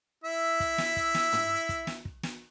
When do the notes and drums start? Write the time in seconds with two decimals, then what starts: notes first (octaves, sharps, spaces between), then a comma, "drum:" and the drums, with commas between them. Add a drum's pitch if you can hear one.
0.24 E4 E5
0.60 drum: kick, hi-hat
0.78 drum: snare
0.96 drum: kick, hi-hat
1.15 drum: snare
1.33 drum: tom
1.69 drum: kick, hi-hat
1.87 drum: snare
2.05 drum: kick
2.23 drum: snare